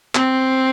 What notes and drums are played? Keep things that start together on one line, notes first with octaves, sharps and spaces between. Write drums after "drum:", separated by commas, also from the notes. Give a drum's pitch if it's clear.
C4, drum: clap